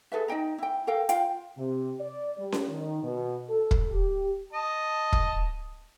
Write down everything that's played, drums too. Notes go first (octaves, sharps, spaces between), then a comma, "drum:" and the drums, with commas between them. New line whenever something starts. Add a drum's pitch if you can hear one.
G#4 A4 B4 E5
D#4 D#5 G5 A#5
E4 G5
A4 A#4 F5 G5
F4 F5 G5, drum: hi-hat
C3
D5
G3
drum: snare C#4
D#3
B2
A4
drum: kick
G4
D#5 A5
drum: kick